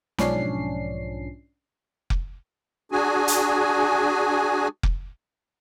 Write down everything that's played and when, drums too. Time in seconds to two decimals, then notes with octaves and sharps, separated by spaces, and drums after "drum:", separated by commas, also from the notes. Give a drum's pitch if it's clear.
0.18 B1 G#2 F3 C#4 D4 C7, drum: snare
2.10 drum: kick F1
2.92 D4 F#4 G#4 G#5
3.28 drum: hi-hat
4.83 drum: kick F1